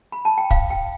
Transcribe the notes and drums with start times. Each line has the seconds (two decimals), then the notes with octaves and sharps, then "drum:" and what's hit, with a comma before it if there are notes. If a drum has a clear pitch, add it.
0.12 B5
0.25 A5
0.38 G5
0.51 F5, drum: kick
0.70 G5